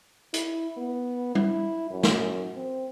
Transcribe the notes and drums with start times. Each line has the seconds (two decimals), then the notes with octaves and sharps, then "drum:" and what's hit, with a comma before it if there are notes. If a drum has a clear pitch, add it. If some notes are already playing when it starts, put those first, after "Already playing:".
0.34 E4, drum: hi-hat
0.77 B3
1.35 E4, drum: tom
1.91 F#2
2.03 drum: snare
2.56 C4